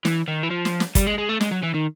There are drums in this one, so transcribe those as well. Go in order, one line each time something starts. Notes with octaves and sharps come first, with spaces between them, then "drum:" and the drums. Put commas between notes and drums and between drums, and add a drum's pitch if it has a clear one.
E3, drum: snare
D#3
E3
F3
drum: snare
drum: snare
G3, drum: kick, hi-hat
G#3
G#3
A3
G#3, drum: snare
F#3
E3
D#3